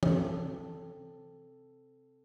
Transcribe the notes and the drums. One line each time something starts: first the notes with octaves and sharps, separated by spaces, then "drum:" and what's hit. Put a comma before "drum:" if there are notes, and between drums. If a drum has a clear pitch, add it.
C4 A4, drum: tom